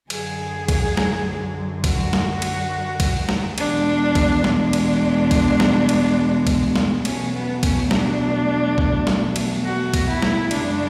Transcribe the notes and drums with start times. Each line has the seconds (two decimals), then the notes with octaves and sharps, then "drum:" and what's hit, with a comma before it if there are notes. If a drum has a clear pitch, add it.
0.10 F#2 D3 F#3 G#4, drum: cymbal
0.68 drum: kick B1, cymbal
0.97 drum: snare
1.84 F#4, drum: kick B1, cymbal
2.13 drum: snare
2.42 drum: cymbal
3.00 drum: kick B1, cymbal
3.29 drum: snare
3.58 E2 B2 G#3 D4, drum: cymbal
4.15 drum: kick B1, cymbal
4.44 D4, drum: snare
4.73 drum: cymbal
5.31 drum: kick B1, cymbal
5.60 drum: snare
5.89 drum: cymbal
6.47 drum: kick B1, cymbal
6.76 drum: snare
7.05 E2 B2 F#3 A3 C#4, drum: cymbal
7.34 B3
7.63 C#4, drum: kick B1, cymbal
7.91 D4, drum: snare
8.78 drum: kick B1
9.07 drum: snare
9.36 drum: cymbal
9.64 F#4
9.94 drum: kick B1, cymbal
10.08 E4
10.22 drum: snare
10.51 F#2 C#3 G#3 D4, drum: cymbal